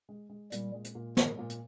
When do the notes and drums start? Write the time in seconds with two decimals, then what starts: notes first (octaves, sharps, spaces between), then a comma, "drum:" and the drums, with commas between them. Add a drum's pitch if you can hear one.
0.09 G#3
0.29 G#3
0.52 A#2 G3, drum: hi-hat
0.74 G#3
0.84 drum: hi-hat
0.95 A#2
1.17 D#3 G#3, drum: snare
1.38 A#2
1.50 drum: hi-hat